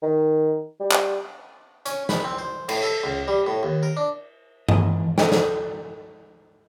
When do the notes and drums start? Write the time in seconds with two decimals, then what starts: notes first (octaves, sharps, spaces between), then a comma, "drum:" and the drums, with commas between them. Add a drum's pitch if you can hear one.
0.02 D#3
0.80 G3
0.91 drum: clap
1.86 C#4, drum: hi-hat
2.09 B5, drum: snare
2.24 C4
2.38 C5
2.69 A2, drum: cymbal
2.83 A4
3.04 C#2
3.28 G3
3.47 A2
3.63 D#2
3.83 A#4
3.97 D4
4.69 E3 D#5, drum: tom G2
5.18 A4 D#5 G5, drum: snare
5.32 drum: snare